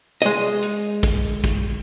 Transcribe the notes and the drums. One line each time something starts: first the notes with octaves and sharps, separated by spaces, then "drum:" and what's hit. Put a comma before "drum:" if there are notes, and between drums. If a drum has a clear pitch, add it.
G#3 D#5, drum: hi-hat
drum: hi-hat
drum: kick, hi-hat
drum: kick, hi-hat